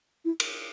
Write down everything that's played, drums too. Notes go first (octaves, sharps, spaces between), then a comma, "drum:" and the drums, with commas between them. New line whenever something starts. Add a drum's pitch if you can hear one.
E4
drum: cymbal